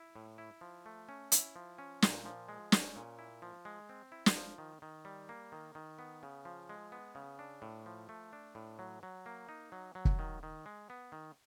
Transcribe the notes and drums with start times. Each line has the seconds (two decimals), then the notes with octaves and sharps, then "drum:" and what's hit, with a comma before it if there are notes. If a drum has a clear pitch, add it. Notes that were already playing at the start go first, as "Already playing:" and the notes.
Already playing: E4
0.16 A2
0.38 E4
0.61 F3
0.86 A3
1.09 C#4
1.32 E4, drum: hi-hat
1.56 F3
1.78 C#4
2.02 A#2, drum: snare
2.26 F3
2.49 G#3
2.72 C#4, drum: snare
2.96 A#2
3.19 E4
3.42 F3
3.65 G#3
3.89 C4
4.12 E4
4.26 drum: snare
4.36 F3
4.58 D#3
4.82 D#3
5.05 G3
5.29 A#3
5.52 D#3
5.75 D#3
5.99 B3
6.23 C#3
6.45 F3
6.69 G#3
6.92 B3
7.15 C#3
7.39 D4
7.62 A2
7.86 F3
8.09 A3
8.33 D4
8.55 A2
8.79 F#3
9.03 F#3
9.26 A#3
9.49 D#4
9.72 F#3
9.95 F#3
10.05 drum: kick
10.19 D#3
10.43 D#3
10.66 G#3
10.90 B3
11.12 D#3